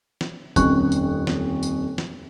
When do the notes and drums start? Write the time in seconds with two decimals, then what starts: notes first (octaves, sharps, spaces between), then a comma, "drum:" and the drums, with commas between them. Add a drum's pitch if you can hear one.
0.21 drum: snare
0.56 D#1 F2 C#4 C#6 F#6, drum: kick, tambourine
0.92 drum: tambourine
1.27 drum: snare
1.63 drum: tambourine
1.98 drum: snare